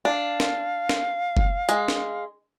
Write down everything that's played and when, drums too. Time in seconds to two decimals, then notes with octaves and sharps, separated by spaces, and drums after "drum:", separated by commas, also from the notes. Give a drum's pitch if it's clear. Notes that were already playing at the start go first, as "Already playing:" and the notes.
0.05 D4 F5
0.40 drum: snare
0.89 drum: snare
1.37 drum: kick
1.69 G#3, drum: hi-hat
1.88 drum: snare